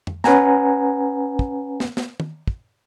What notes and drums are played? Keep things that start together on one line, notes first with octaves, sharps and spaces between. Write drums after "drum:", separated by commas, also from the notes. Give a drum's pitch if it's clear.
drum: tom F2
C#4 B4 F#5 G#5 A#5, drum: snare
drum: kick
drum: snare
drum: snare
drum: tom
drum: kick